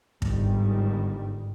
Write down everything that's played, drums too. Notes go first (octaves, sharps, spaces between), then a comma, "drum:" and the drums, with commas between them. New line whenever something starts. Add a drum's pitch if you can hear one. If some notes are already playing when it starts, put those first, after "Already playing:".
G1 G#2 D#3 G3, drum: kick